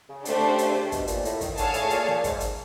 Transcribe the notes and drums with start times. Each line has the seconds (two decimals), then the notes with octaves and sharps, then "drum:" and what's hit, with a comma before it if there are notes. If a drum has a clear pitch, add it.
0.09 C#3
0.25 D3 A3 D4 G4 C5, drum: hi-hat
0.37 C3
0.47 C#3
0.58 drum: hi-hat
0.69 C3
0.92 B2, drum: kick, hi-hat
1.07 A#2, drum: hi-hat
1.25 A2, drum: hi-hat
1.41 D#3, drum: kick, hi-hat
1.57 D3 G#4 C#5 F5 A5, drum: hi-hat
1.74 A2, drum: hi-hat
1.90 A#2, drum: hi-hat
2.08 A#2, drum: snare
2.24 G#2, drum: kick, hi-hat
2.40 drum: hi-hat